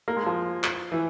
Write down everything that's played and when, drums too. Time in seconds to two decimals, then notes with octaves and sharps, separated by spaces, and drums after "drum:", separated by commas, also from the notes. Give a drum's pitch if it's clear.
0.08 A#3
0.17 G#3
0.26 F3
0.64 drum: clap
0.92 E3